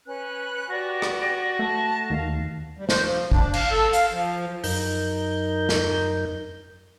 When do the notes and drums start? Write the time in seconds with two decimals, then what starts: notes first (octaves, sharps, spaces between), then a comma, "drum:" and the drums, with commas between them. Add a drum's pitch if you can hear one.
0.06 C#4 B4 F#6
0.70 F#4 G4 B4 D5 A#6
1.02 drum: rim click
1.59 A3 A5
2.10 D#2 F5
2.78 G3
2.89 C5, drum: snare
3.04 F3
3.32 D4, drum: kick
3.53 F5, drum: cymbal
3.70 A4
3.93 F5, drum: hi-hat
4.12 F3
4.64 F#2 D#4 A#4 G6, drum: open hi-hat
5.69 drum: snare